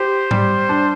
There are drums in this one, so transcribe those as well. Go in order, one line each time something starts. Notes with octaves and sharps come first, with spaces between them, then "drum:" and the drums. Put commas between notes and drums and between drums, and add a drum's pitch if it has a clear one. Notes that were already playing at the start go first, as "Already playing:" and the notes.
Already playing: G4 C5
G3, drum: tom G#2
D4